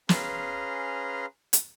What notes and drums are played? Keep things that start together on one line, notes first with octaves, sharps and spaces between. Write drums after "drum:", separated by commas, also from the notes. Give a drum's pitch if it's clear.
C#4 G#4 B4 F5 A#5 C6, drum: snare
drum: hi-hat